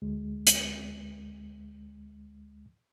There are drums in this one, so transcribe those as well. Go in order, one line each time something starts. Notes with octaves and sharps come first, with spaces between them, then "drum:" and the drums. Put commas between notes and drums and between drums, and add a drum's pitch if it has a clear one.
D2 G#3
drum: hi-hat